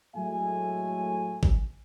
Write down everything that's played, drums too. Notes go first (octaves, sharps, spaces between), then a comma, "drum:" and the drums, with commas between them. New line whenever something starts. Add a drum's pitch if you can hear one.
A2 F#3 G#3 A3 E5 G#5
drum: kick